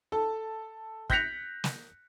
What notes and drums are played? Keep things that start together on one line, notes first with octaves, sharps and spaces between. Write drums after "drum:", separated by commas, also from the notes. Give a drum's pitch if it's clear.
A4 A5
F#6 G6 A#6 B6 C#7 F7, drum: kick
drum: snare